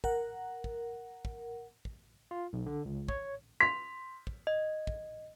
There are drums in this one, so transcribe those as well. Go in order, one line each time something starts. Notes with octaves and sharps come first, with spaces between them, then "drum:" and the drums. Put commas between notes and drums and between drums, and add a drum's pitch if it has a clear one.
A#4 F#5, drum: kick
drum: kick
drum: kick
drum: kick
F4
B1
D3
C#2
C#5, drum: kick
C6 B6
drum: kick
D#5
drum: kick